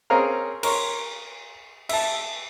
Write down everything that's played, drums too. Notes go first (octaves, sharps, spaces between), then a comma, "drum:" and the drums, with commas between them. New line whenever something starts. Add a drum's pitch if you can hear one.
C4 C#4 G#4 A#4 F5 A#5
A#4 C#5 C6, drum: cymbal
E5 A5, drum: cymbal